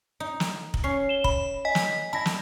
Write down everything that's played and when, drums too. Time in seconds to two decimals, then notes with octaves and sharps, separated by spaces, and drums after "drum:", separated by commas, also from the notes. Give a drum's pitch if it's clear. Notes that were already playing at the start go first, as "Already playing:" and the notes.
0.20 D#4
0.40 drum: snare
0.74 drum: kick
0.84 C#4 C7
1.09 E7 G7
1.24 B5, drum: kick
1.65 D#5 G#5 B6
1.75 drum: snare
2.13 E4 A5 A#6
2.26 drum: snare